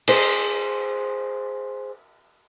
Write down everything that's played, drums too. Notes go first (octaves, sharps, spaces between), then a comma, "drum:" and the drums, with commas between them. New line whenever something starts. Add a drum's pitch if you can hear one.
G#4 C5, drum: cymbal